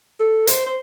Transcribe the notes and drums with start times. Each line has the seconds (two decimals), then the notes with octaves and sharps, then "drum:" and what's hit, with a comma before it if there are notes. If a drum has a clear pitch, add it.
0.20 A4
0.47 C5, drum: hi-hat
0.66 C5